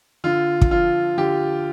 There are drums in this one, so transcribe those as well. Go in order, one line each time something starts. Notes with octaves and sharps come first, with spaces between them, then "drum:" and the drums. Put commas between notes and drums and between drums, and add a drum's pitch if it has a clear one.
D3 F4
drum: kick
F3 F4
D3 G4